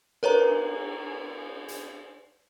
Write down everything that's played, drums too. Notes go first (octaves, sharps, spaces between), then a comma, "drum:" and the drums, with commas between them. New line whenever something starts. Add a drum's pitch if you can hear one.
A#4 B4 C#5 A#5, drum: cymbal
drum: hi-hat